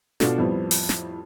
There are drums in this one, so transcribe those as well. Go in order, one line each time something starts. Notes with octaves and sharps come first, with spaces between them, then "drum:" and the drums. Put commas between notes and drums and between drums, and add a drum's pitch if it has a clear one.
B2 D4 F4 F#4 A4, drum: snare
F2 A2 G3 B3 C4
drum: open hi-hat
drum: snare